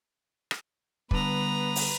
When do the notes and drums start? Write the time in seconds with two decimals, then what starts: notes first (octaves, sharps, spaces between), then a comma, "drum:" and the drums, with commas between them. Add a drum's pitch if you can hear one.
0.51 drum: rim click
1.11 D3 G3 B3 B4 A#5, drum: kick
1.76 drum: open hi-hat